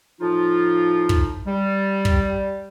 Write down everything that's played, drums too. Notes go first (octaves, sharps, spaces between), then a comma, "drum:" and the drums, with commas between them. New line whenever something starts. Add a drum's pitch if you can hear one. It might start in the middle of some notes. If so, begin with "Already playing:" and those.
A2 F3 D#4 F4
drum: kick
G3
drum: kick